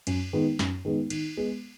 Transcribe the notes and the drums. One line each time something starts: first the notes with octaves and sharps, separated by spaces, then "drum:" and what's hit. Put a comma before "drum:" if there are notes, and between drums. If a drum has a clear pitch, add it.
F#2, drum: cymbal
D#3 G#3 B3
F#2, drum: snare
D#3 G#3 B3
D#3, drum: cymbal
G#3 B3